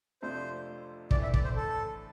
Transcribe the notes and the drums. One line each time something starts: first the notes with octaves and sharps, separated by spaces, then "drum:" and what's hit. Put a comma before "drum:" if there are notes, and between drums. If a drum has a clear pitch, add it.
F2 C3 F3 A3 D4 C5
A2 E3 A3 D4 D5, drum: kick
E5
D5, drum: kick
C5
A4